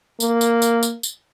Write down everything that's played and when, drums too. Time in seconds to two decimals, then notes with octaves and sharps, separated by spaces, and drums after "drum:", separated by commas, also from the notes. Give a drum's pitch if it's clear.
0.20 A#3, drum: tambourine
0.41 drum: tambourine
0.62 drum: tambourine
0.83 drum: tambourine
1.03 drum: tambourine